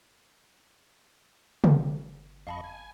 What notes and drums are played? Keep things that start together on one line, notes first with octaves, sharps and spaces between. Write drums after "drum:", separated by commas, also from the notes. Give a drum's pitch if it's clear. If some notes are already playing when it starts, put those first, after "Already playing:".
drum: tom
G1
F2 D#5 F5 A5 B5 C#6
G#5